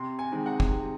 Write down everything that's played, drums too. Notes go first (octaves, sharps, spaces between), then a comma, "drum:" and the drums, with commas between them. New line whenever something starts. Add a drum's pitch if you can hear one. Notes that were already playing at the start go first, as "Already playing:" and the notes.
Already playing: C3 C6
G#5
D#3 G#3 C4 D#4
F#5
drum: kick
C3